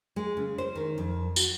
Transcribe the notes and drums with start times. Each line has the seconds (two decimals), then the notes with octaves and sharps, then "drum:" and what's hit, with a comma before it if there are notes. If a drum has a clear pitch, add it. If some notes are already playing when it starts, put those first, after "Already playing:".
0.16 G#3
0.37 C#3
0.58 C5
0.75 D#3
0.98 F2
1.36 F#4, drum: tambourine